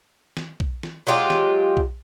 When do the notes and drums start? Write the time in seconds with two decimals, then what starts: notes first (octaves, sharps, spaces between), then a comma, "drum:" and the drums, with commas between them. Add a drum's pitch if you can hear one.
0.37 drum: snare
0.60 drum: kick B1
0.83 drum: snare
1.07 F#3 G#3 F4 G4
1.30 drum: snare
1.77 drum: kick B1